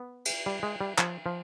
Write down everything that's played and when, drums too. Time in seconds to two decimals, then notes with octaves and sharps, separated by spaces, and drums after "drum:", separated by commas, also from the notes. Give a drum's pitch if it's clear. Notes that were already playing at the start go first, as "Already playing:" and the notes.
Already playing: B3
0.25 drum: cymbal
0.46 G3
0.63 G#3
0.81 G3
0.98 F3, drum: clap
1.26 F3